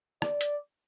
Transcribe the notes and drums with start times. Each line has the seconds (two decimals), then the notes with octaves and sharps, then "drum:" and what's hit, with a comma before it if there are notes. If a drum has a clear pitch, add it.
0.22 D5, drum: rim click
0.41 drum: hi-hat